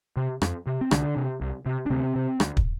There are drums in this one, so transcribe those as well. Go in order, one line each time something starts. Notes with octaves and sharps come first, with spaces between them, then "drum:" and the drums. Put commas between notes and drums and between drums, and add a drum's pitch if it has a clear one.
C3
F2, drum: rim click
C3
C4
C2 D3 D4, drum: rim click
C3
C2
C3
D4
D2 C3 C4
C3
D2, drum: rim click
drum: kick